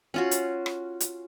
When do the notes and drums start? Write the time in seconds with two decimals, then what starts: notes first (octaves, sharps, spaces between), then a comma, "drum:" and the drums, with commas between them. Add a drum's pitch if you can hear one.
0.14 C#4 F4 F#4
0.31 drum: hi-hat
0.66 drum: rim click
1.00 drum: hi-hat